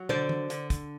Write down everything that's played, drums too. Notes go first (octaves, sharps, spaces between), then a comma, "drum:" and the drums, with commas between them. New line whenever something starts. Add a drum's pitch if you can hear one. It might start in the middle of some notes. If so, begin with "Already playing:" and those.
Already playing: F#3
D3 C5 D5, drum: tom
drum: tom
D3, drum: hi-hat
drum: kick, hi-hat